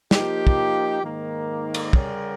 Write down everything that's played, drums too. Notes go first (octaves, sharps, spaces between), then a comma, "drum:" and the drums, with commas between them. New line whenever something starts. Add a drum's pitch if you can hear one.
F3 A#3 D#4 G4, drum: snare
drum: kick
G#2 D#3 A#3
drum: cymbal
C#3 G3 C#4 G4 A#4, drum: kick